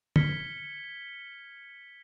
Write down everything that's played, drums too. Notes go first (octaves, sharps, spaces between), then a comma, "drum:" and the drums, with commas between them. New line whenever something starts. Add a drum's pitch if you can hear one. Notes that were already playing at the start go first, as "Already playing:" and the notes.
F6 G#6 B6 C#7 G7, drum: tom